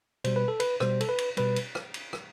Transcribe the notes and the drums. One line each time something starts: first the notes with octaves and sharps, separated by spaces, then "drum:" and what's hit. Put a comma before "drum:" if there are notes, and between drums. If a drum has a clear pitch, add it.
B2 G3 C5, drum: cymbal
B4
A4
B4, drum: cymbal
B2 G3 C5, drum: rim click
A4, drum: cymbal
B4
drum: cymbal
B2 G3 B4, drum: cymbal
drum: cymbal
drum: rim click
drum: cymbal
drum: rim click